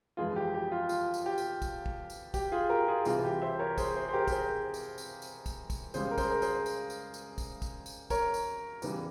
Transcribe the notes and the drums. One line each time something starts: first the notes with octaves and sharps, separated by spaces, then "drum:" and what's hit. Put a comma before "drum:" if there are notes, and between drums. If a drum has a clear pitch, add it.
G1 F2 E3 G#3 F4 G#4
G4
G4
F4
F4, drum: tambourine
drum: tambourine
G4
drum: tambourine
drum: kick, tambourine
drum: kick
drum: tambourine
G4, drum: kick, tambourine
F4 G#4
G4 A#4
F4 G#4
C2 C3 E3 F4 G#4, drum: tambourine
G4
C5 E5
A#4 C#5
G#4 C5, drum: kick, tambourine
G#4 C5
C5
G4 A#4
A#4, drum: kick, tambourine
G#4 C5
drum: tambourine
drum: tambourine
drum: tambourine
drum: kick, tambourine
drum: kick, tambourine
C#2 C#3 G3 G#4 C5, drum: tambourine
A#4
G#4 C5, drum: kick, tambourine
A#4
G#4 C5, drum: tambourine
drum: tambourine
drum: tambourine
drum: tambourine
drum: kick, tambourine
drum: kick, tambourine
drum: tambourine
A#4 C#5, drum: kick, tambourine
drum: tambourine
E2 C#3 E3 G3, drum: tambourine